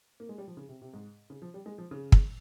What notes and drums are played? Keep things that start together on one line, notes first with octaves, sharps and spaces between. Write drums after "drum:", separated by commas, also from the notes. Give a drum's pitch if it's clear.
A#3
G#3
G3
F3
C#3
C3
C3
G#2
C#3
F3
G3
G#3
F3
C#3
drum: kick